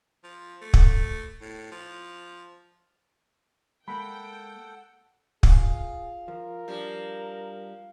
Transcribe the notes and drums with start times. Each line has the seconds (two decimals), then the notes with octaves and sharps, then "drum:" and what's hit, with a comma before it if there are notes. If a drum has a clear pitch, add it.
0.24 F3
0.62 A3
0.74 drum: kick
1.41 A2
1.72 F3
3.88 G#3 A#3 A4 F#5 G5 B5
5.43 F4 G#4, drum: kick
6.28 F3 A#4
6.68 F3 G3 D4